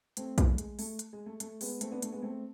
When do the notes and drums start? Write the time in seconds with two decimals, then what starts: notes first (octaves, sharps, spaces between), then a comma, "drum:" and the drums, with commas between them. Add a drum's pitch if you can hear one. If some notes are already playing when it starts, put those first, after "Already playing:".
0.17 A3 C4, drum: hi-hat
0.38 A3, drum: kick, hi-hat
0.58 G#3, drum: hi-hat
0.79 A3, drum: open hi-hat
0.99 drum: hi-hat
1.13 G#3
1.26 A3
1.40 A3, drum: hi-hat
1.61 G#3 B3, drum: open hi-hat
1.81 A3 C4, drum: hi-hat
1.92 B3 D4
2.02 A3, drum: hi-hat
2.12 G#3 B3
2.22 A3 C4